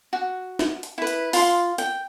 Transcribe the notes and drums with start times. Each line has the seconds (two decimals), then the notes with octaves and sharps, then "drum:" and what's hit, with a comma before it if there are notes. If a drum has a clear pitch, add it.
0.13 F#4
0.59 drum: snare
0.83 drum: hi-hat
0.98 E4 B4
1.07 drum: hi-hat
1.33 F4 C6, drum: open hi-hat
1.78 G5, drum: hi-hat